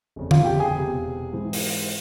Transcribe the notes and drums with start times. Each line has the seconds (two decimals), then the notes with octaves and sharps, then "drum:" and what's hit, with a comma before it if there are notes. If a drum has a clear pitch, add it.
0.16 G1 F2 C#3
0.31 F4 F5, drum: tom D3
0.45 G4 G5
0.59 G#4 G#5
0.74 E1 E2 C3
1.32 G#2 E3 G#3 C4
1.53 drum: open hi-hat